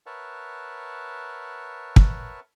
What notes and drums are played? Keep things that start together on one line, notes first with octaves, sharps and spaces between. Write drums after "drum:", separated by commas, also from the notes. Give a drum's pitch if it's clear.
A#4 B4 C#5 E5 F#5 A5
drum: kick